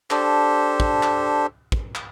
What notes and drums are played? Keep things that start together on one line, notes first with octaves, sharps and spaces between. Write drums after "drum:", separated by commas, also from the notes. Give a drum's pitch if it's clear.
D4 G4 A4 C5, drum: clap
drum: kick
drum: clap
drum: kick
drum: clap